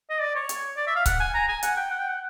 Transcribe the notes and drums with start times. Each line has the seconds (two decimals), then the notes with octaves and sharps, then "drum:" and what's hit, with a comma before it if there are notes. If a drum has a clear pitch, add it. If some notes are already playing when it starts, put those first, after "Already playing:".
0.10 D#5
0.20 D5
0.35 C#5
0.49 drum: hi-hat
0.77 D5
0.87 E5
0.96 F5
1.06 F#5, drum: kick C#1, hi-hat
1.20 G#5
1.34 A#5
1.48 G#5
1.63 F#5, drum: hi-hat
1.77 G5
1.91 F#5
1.99 G5
2.08 F#5